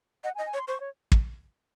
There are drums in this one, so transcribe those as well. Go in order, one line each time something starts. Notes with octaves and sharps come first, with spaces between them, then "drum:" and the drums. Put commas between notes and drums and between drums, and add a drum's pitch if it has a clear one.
D#5 F#5
G#5
D#5
G#5
C#5
C6
C5 C#6
C#5
drum: kick